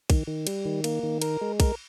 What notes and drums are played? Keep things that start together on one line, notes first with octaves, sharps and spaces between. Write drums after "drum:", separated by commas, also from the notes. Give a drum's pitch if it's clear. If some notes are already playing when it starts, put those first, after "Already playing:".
D#3, drum: kick, cymbal
D#3
G3, drum: cymbal
D#3
A#3, drum: cymbal
D#3
A#4, drum: cymbal
G#3
A#4, drum: kick, cymbal